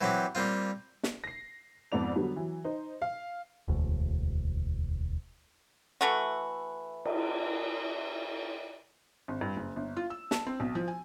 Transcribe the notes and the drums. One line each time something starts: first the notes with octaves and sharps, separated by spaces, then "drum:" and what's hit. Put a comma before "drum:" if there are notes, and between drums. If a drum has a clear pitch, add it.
E3 F#3 C4 G4
G3 A#3 C4 F4
drum: snare
A#6 C7
F2 G#2 B3 D5 F7
D3 F#3 G3 B3
E3 F#3
D#4 C5
F5
E1 D2
E3 A3 F#4
drum: cymbal
G#1
G2
F#1
G1
F4
E6
A5, drum: snare
C4
B1
F3
G#5